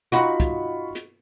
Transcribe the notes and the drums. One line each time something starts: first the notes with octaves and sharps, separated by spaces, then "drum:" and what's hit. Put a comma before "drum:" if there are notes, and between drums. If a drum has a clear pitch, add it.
D#4 F4 F#4 B5 C#6
drum: kick, hi-hat
drum: hi-hat